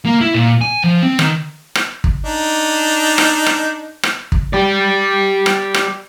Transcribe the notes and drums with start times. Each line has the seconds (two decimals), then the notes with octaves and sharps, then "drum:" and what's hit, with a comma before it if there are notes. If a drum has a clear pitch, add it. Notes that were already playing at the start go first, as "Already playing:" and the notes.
0.06 A#3
0.21 E4
0.34 A#2
0.61 G#5
0.84 F3
1.03 C4
1.19 D#3, drum: rim click
1.75 drum: rim click
2.04 drum: kick
2.25 D4 D#4
3.18 drum: rim click
3.46 drum: rim click
4.03 drum: rim click
4.32 drum: kick
4.53 G4 D5
5.46 drum: rim click
5.74 drum: rim click